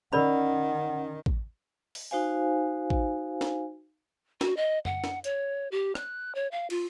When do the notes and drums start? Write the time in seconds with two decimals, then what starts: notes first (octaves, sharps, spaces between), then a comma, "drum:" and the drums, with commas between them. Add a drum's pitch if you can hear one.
0.13 D#3 C#4 A#4 D5 F#5 B5
1.26 drum: kick A1
1.95 drum: open hi-hat
2.11 D#4 F#4 C5 F5 G#5
2.90 drum: kick A1
3.41 drum: snare
4.41 F#4, drum: snare
4.57 D#5
4.85 F#5, drum: tom F#2
5.04 drum: snare
5.24 C#5, drum: hi-hat
5.71 G4
5.95 F#6, drum: rim click
6.35 C#5
6.51 F5
6.70 F4, drum: cymbal